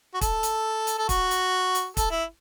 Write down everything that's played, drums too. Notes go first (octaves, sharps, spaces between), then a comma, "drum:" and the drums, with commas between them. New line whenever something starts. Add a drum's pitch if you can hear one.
F#4
A4, drum: kick, hi-hat
drum: hi-hat
drum: hi-hat
A4
F#4, drum: kick, hi-hat
drum: hi-hat
drum: hi-hat
A4, drum: kick, hi-hat
E4